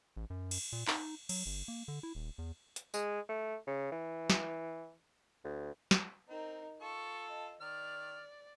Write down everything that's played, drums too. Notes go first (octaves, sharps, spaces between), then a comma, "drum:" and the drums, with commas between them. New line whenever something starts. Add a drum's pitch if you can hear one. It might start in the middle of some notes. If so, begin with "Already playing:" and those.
A1
F#2
drum: cymbal
A#2
D#4, drum: clap
F#3, drum: cymbal
G1
A#3
D3
E4
D#1
E2
drum: hi-hat
G#3, drum: tambourine
A3
C#3
E3
drum: snare
D2
drum: snare
C4 D#4 A#4
F4 A4 C#6
D#5
D#3 D5 F6